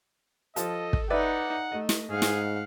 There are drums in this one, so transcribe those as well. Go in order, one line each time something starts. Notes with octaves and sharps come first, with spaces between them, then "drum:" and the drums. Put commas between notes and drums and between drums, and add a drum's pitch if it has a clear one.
F3 A4 D#5, drum: hi-hat
drum: kick
D#4 B4 D5 E5 F#5
A3 D#5
drum: snare
G#2 G#4 F5 F#5
drum: snare